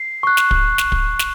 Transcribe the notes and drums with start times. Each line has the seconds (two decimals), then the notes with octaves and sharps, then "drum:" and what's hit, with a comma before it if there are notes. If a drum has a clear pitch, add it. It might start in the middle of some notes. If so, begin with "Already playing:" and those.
Already playing: C7
0.23 C#6 F#6
0.37 drum: snare
0.51 drum: kick
0.78 drum: snare
0.92 drum: kick
1.19 drum: snare